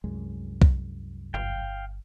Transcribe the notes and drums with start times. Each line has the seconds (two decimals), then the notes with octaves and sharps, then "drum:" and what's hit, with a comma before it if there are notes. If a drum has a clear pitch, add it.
0.04 C2 F#2 G#3
0.62 drum: kick B1
1.34 G1 F5 G5